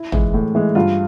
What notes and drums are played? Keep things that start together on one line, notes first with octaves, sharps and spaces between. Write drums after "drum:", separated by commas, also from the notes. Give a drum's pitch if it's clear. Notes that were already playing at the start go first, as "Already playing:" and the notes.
Already playing: E4
E3 G#3, drum: tom
A2
E3 G#3
G2 F4